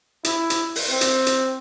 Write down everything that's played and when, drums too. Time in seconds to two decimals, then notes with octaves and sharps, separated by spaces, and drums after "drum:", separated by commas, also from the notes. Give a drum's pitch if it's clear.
0.24 E4, drum: hi-hat
0.50 drum: hi-hat
0.75 drum: open hi-hat
0.90 C4
1.01 drum: hi-hat
1.26 drum: hi-hat